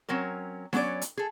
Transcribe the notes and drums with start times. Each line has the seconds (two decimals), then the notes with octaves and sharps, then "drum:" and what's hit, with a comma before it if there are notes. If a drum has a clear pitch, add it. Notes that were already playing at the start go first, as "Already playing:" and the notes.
0.09 F#3 C4 C#4 A#4
0.73 F#3 B3 C#4 C#5 D5, drum: snare D4
1.02 drum: hi-hat
1.17 G#4 A4